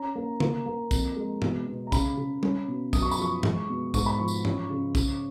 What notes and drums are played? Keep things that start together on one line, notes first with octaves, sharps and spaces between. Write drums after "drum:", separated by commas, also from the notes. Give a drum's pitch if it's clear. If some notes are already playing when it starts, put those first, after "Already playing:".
Already playing: C#4 A#5
A#3
A#3, drum: tom C#3
A#3
F2, drum: kick, tambourine
G#3
B2, drum: tom G2
B2
A#5
C#3 B5, drum: kick, tambourine
C#3
C#4, drum: tom
B2
F#2 D#6, drum: kick, tambourine
C#6
B5, drum: tambourine
F3 C#6
G#3, drum: tom G2
B2
G#2 C#6, drum: kick, tambourine
B5
F3 C#6
drum: tambourine
C#4, drum: tom G2
C#3
C#3, drum: kick, tambourine